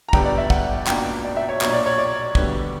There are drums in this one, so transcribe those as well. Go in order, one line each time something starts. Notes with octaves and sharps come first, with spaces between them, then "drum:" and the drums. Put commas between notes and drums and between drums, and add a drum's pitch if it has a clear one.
A#5
G1 G2 D3 G3 B3 G5, drum: kick
D5
E5
F#5, drum: kick
C#2 B2 A#3 D4 G5, drum: clap
D5
E5
C#5
B1 A#2 A#3 D4 C#5, drum: clap
D5
C#5
D5
D2 D3 G3 B3, drum: kick